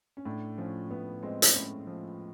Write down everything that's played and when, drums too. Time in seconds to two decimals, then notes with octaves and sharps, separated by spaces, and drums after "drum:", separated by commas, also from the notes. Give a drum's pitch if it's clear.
0.17 C#4
0.25 A2 D4
0.58 F3 C#4
0.90 A2 B3
1.23 G#3 C4
1.42 drum: hi-hat
1.55 A2 C#4
1.87 F3